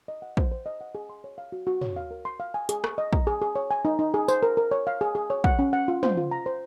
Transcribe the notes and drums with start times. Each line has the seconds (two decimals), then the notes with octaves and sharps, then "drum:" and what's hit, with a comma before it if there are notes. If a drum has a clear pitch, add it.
0.08 D#5
0.22 F#5
0.37 C5, drum: kick
0.52 C5
0.66 D#5
0.81 F#5
0.95 G#4
1.10 C6
1.24 C#5
1.38 F5
1.52 F#4
1.67 F#4
1.81 C#5, drum: tom
1.96 F5
2.11 A#4
2.25 C6
2.40 F5
2.54 G#5
2.69 G#4, drum: hi-hat
2.84 C#6, drum: rim click
2.98 D#5
3.13 A#5, drum: kick
3.27 G#4
3.42 G#4
3.56 C#5
3.71 G#5
3.85 D#4
3.99 D#4
4.14 G#4
4.28 C5, drum: tambourine
4.43 A#4
4.57 A#4
4.71 C#5
4.87 F5
5.01 G#4
5.15 G#4
5.30 C#5
5.44 F#5, drum: kick
5.59 C#4
5.73 F#5
5.88 F4
6.03 C5, drum: tom
6.17 F4
6.31 A#5
6.46 C5